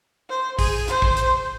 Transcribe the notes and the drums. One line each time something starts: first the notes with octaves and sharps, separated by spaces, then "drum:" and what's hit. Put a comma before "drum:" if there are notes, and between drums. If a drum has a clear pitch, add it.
C5
G#4, drum: kick A#1, open hi-hat
C5, drum: hi-hat
drum: kick A#1
drum: hi-hat